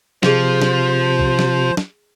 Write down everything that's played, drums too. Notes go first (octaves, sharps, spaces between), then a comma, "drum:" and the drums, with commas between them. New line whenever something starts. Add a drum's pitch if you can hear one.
C3 F3 G#4 C5 D#5, drum: snare
drum: snare
drum: kick
drum: snare
drum: snare